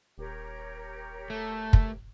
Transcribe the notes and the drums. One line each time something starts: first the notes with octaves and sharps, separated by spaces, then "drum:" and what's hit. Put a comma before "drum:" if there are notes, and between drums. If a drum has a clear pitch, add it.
D#1 G4 A#4 C#5
A3 A4
drum: kick